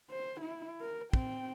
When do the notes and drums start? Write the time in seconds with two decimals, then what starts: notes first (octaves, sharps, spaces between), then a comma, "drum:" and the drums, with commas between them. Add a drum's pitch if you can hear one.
0.10 C5
0.41 E4
0.81 A#4
1.13 C4 G5, drum: kick